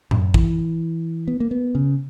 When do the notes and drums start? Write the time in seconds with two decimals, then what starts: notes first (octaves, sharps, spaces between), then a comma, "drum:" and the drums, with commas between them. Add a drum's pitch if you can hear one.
0.11 F#2, drum: tom A2
0.34 E3, drum: kick
1.28 B3
1.40 A#3
1.51 B3
1.75 C#3